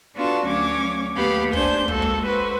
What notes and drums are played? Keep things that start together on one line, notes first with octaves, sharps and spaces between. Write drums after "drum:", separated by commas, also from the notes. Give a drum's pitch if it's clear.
B3 D4 F4 F#4 A4 A5
D2 F#3 C#4 C#5 D6
D#2 A3 B3 G4 F5 B5
D4 C5 G#5 G6, drum: kick
G#3 A#3 F#4 A4, drum: kick
drum: kick
F#4 B4 C5